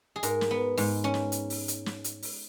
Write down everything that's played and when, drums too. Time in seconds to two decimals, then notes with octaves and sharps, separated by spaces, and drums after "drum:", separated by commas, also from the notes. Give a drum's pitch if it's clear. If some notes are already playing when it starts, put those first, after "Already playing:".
0.16 G#4
0.23 G#2 A#4, drum: hi-hat
0.41 drum: snare
0.51 B3
0.77 G#2, drum: open hi-hat
1.04 C#4
1.14 drum: snare
1.32 drum: hi-hat
1.50 drum: open hi-hat
1.68 drum: hi-hat
1.86 drum: snare
2.04 drum: hi-hat
2.22 drum: open hi-hat